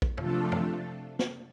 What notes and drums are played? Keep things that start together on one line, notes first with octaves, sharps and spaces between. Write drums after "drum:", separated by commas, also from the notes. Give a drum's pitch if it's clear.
drum: kick A#1
C3 F3 A3 D4 F4 A4, drum: tom
drum: tom
drum: snare